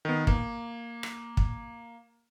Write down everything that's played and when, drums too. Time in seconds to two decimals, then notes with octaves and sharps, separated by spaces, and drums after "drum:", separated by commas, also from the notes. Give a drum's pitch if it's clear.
0.05 D#3 B3
0.27 A#3, drum: kick
1.03 drum: rim click
1.37 drum: kick